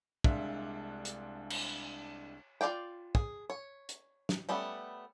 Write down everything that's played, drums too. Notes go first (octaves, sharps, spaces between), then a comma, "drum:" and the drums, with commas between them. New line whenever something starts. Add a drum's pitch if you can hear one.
C2 G#3 D4 E5 F5, drum: kick
drum: hi-hat
drum: cymbal
F4 A4 D5 F5 G5
G#4, drum: kick
C#5
drum: hi-hat
drum: snare
G3 A3 B3 C#4